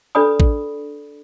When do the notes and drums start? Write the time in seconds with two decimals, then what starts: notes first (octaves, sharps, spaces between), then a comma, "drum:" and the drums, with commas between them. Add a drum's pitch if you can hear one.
0.15 D4 A4 B4 D5 B5 D#6
0.40 drum: kick A1